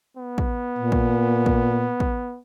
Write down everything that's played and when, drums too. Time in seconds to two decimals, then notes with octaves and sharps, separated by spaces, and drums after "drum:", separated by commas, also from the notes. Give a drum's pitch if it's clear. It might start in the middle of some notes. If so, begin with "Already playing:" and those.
0.17 B3
0.38 drum: kick
0.78 A#2
0.92 drum: kick
1.46 drum: kick
2.00 drum: kick